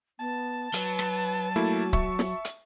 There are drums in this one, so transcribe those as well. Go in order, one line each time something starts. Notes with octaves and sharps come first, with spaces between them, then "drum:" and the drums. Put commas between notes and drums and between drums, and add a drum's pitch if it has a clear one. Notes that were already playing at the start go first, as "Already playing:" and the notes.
B3 A5
F#3 B4, drum: hi-hat
drum: rim click
A3 A#3 E4 F#4
E5 C#6, drum: kick C#1
drum: snare
drum: hi-hat